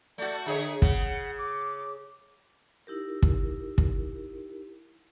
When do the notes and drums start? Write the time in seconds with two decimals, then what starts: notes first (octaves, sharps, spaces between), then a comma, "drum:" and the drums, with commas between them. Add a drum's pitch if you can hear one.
0.18 A3 F#4 D5
0.46 D3 G#4 C#5 E5
0.82 C#3 F#5, drum: kick
1.38 D6
2.87 D#4 E4 G4 A#4
3.22 drum: kick
3.78 drum: kick